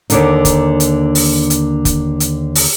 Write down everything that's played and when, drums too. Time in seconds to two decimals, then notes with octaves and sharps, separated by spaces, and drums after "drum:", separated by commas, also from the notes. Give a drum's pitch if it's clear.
0.10 D#2 D3 D#4, drum: hi-hat
0.45 drum: kick, hi-hat
0.80 drum: hi-hat
1.15 drum: open hi-hat
1.50 drum: hi-hat
1.85 drum: kick, hi-hat
2.20 drum: hi-hat
2.55 drum: open hi-hat